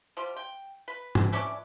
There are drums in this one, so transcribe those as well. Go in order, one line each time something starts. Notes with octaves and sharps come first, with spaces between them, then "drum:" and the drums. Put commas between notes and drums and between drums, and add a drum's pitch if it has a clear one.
F3 G3
G5
B4
drum: tom
E3 C#4 D4 D5